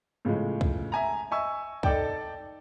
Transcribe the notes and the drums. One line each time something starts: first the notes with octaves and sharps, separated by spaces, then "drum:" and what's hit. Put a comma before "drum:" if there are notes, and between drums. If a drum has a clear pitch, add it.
A2 C#3 F3 G#3
drum: kick
E5 G#5 A#5
D#5 E5 G#5 C#6 E6
D#4 A4 D5 G5 A5, drum: kick